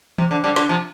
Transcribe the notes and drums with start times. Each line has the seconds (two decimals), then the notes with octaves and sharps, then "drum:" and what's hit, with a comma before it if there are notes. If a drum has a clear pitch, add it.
0.18 C3, drum: tom E3
0.31 D3
0.44 D3 G3
0.56 D3, drum: snare
0.69 C3 F3